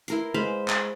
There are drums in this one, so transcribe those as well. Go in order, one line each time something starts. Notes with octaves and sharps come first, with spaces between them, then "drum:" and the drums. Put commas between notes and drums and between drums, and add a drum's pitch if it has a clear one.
E4 A#4 C6, drum: hi-hat
G#3 C5 F5 B5
drum: clap